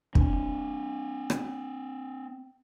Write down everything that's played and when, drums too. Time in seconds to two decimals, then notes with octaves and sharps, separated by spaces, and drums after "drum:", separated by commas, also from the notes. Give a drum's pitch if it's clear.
0.15 C4 D4, drum: kick
1.30 drum: rim click